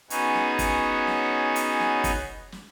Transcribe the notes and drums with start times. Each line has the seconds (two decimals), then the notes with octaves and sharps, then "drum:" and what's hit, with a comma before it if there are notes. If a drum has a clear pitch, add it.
0.10 B3 C#4 D#4 F#4 G#4 C#5, drum: hi-hat
0.34 drum: snare
0.59 drum: kick, hi-hat
1.07 drum: snare
1.56 drum: hi-hat
1.80 drum: snare
2.04 drum: kick, hi-hat
2.52 drum: snare